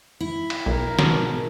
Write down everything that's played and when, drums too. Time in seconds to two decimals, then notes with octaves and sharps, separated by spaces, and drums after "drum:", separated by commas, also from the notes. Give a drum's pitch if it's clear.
0.20 E4
0.50 drum: cymbal
0.66 B1 A#4
0.99 G#2 B2 A4, drum: snare